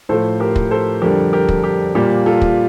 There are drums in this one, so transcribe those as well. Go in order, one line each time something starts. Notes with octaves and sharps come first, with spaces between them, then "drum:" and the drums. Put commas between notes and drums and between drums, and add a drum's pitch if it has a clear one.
A2 F3 A3 A4 C5
G4 A#4
drum: kick
A4 C5
F2 D3 G3 G4 A#4
G4 A#4
drum: kick
G4
A#2 G3 A#3 G4
F4 A4
drum: kick